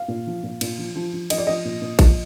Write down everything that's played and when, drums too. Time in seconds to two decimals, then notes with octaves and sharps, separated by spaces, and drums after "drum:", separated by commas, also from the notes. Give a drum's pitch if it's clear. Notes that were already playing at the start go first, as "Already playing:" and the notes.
Already playing: F5
0.08 A#2
0.27 F3
0.43 A#2
0.61 A#2, drum: cymbal
0.78 F3
0.96 F3
1.13 F3
1.30 F3 D#5, drum: cymbal
1.38 D5
1.47 F3 D#5
1.65 A#2
1.82 A#2
1.99 F3, drum: kick A1, cymbal